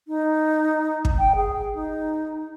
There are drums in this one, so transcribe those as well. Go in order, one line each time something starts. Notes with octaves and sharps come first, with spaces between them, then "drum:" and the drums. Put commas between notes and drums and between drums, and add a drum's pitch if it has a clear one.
D#4
drum: kick
G5
G#4
D#4